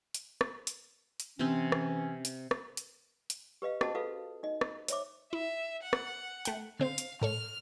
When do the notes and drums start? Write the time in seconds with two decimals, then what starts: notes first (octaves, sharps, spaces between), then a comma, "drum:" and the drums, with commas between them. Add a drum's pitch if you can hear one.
0.14 drum: hi-hat
0.41 drum: rim click
0.67 drum: hi-hat
1.20 drum: hi-hat
1.39 C3 E3 C4 C#4
1.72 drum: rim click
2.25 drum: hi-hat
2.51 drum: rim click
2.77 drum: hi-hat
3.30 drum: hi-hat
3.62 G4 B4 D#5 F5
3.81 C#4 F#4 G#4 C5 D#5 A5, drum: rim click
3.95 F4 F#4 A4 B4 F5
4.43 D#4 D#5
4.61 drum: rim click
4.88 C5 C#5 E5 D6, drum: hi-hat
5.33 E4 E5
5.83 F#5
5.93 drum: rim click
6.45 A3 G5, drum: hi-hat
6.79 D3 C4 C5 F5
6.98 drum: hi-hat
7.21 A2 A4 C#5 F6